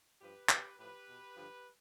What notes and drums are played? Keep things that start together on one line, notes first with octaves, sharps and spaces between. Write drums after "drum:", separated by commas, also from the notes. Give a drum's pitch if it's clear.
G2 F3 G4 B4
B2 G4 B4, drum: clap
A2 F3 G4 B4
B2
G2 D3 F3